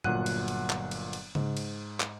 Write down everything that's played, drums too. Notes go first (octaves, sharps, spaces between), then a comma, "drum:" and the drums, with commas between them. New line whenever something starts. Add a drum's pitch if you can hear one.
G1 A#2 F#3 F#5 F#6 D#7, drum: tom G2
drum: cymbal
drum: cymbal
drum: clap
drum: cymbal
drum: cymbal
G#2, drum: tom C#3
drum: cymbal
drum: clap